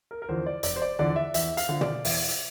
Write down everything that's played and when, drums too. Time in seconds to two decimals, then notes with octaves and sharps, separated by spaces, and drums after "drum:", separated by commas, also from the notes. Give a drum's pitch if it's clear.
0.11 A#4
0.22 A#4
0.29 E2 D3 F3 C5
0.46 D5
0.63 F1 D5, drum: hi-hat
0.76 C5
0.82 D5
0.99 E2 D3 F3 D5
1.16 E5
1.34 E2 E5, drum: hi-hat
1.57 F5, drum: hi-hat
1.69 D3 F3
1.81 D5, drum: tom
2.05 E2 E5, drum: open hi-hat
2.28 drum: hi-hat